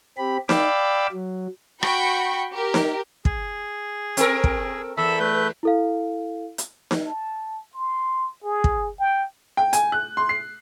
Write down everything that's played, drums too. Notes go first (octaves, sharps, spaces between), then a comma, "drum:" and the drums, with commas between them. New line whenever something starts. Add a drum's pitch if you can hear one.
C4 G4 B5
D5 F5 G5 B5 D6 E6, drum: snare D#4
F#3
F#4 G5 B5 C#6, drum: rim click
G4 A#4
drum: snare D#4
G#4, drum: kick
C4 A4 A#4, drum: hi-hat
drum: kick
E2 A4 E5 B5
A3 B4 G6
E4 A4 F5
drum: hi-hat
drum: snare D#4
A5
C6
G#4
drum: kick
G5
G5
G#5, drum: hi-hat
F#6
C6
C7